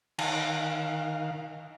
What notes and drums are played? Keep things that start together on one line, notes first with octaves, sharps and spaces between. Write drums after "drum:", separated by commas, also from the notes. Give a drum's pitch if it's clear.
D#3 F5, drum: cymbal